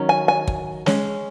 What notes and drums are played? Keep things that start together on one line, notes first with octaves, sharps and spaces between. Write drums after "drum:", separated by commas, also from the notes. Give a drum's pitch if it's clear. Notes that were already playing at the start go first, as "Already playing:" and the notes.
Already playing: D#3 F#3 C#4
G#5
G#5
drum: kick
G#3 C#4, drum: snare